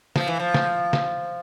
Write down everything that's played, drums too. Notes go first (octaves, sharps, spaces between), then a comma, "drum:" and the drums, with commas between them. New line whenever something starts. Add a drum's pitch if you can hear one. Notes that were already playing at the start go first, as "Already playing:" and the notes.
F3, drum: snare
E3
F3
drum: snare
drum: snare